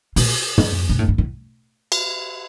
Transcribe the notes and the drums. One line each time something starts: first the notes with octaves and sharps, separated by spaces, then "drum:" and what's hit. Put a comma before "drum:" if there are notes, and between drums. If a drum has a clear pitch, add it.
A#2, drum: open hi-hat
A2, drum: tom
A#2
A2
G#2
A2
drum: cymbal